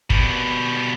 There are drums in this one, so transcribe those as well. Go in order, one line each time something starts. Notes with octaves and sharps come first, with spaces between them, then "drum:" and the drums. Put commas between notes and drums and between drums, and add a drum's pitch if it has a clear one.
B2 G3, drum: kick